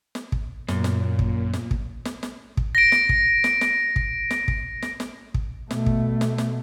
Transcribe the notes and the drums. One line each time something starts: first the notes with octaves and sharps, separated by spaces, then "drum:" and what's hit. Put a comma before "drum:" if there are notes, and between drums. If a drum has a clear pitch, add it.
drum: snare
drum: kick
F#2 A#2, drum: snare
drum: snare
drum: kick
drum: snare
drum: kick
drum: snare
drum: snare
drum: kick
A#6 D7
drum: snare
drum: kick
drum: snare
drum: snare
drum: kick
drum: snare
drum: kick
drum: snare
drum: snare
drum: kick
B2 A3, drum: snare
drum: kick
drum: snare
drum: snare